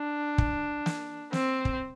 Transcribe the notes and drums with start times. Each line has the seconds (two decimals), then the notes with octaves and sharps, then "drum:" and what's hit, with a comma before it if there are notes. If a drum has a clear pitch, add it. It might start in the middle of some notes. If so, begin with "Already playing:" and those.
Already playing: D4
0.38 drum: kick
0.86 drum: snare
1.33 C4, drum: snare
1.65 drum: kick